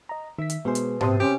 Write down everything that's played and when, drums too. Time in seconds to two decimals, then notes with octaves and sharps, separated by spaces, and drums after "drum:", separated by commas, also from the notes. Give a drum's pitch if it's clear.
0.09 D#5 A#5
0.38 D#3 E5 B6
0.50 drum: hi-hat
0.65 B2 G#3 B3 G#4 C5
0.75 drum: hi-hat
1.01 C3 C4 A5 C6 D#6, drum: tom G#2
1.20 C#4 G4